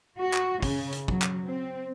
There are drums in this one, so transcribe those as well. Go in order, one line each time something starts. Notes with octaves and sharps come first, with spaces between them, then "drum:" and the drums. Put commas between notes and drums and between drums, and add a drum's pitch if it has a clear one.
F#4
drum: clap
C#3, drum: kick, open hi-hat
drum: hi-hat
F#3, drum: kick
drum: clap
C4